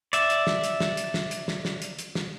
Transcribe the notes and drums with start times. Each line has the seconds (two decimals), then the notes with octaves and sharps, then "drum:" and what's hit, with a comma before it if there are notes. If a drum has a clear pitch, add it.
0.13 D5 E5, drum: hi-hat
0.30 drum: hi-hat
0.47 drum: snare
0.64 drum: hi-hat
0.80 drum: snare
0.97 drum: hi-hat
1.14 drum: snare
1.31 drum: hi-hat
1.48 drum: snare
1.65 drum: snare
1.82 drum: hi-hat
1.99 drum: hi-hat
2.15 drum: snare